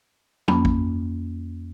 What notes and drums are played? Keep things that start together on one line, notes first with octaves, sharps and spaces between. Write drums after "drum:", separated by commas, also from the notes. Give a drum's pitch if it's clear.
F2 A#3 C#4 B5, drum: tom
drum: kick A1